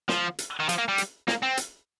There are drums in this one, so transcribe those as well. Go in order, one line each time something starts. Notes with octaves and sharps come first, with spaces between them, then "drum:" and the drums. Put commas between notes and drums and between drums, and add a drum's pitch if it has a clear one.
F3, drum: snare
drum: hi-hat
D#3
F3, drum: hi-hat
A#3
G3
drum: hi-hat
A#3, drum: snare
C4
drum: hi-hat